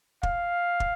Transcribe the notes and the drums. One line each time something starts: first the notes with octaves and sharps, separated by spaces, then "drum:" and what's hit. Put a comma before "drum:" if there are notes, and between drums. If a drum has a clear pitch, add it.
F5, drum: kick
drum: kick